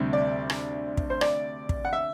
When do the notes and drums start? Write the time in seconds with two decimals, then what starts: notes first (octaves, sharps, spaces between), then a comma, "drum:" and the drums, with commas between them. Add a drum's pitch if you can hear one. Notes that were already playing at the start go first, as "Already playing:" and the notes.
Already playing: D2 C3 G3
0.13 D5
0.50 drum: rim click
0.97 drum: kick
1.10 C5
1.21 D5, drum: rim click
1.69 drum: kick
1.85 F#5
1.93 E5